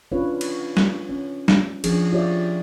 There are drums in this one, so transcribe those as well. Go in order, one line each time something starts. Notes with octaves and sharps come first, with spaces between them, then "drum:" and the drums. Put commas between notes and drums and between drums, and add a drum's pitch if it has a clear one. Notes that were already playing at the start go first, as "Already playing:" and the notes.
C#4 D4 F4 B4 C#5
drum: cymbal
drum: snare
C#4
drum: snare
F3 C#4 D4 G#4, drum: cymbal
F4 G4 C#5 D5 E5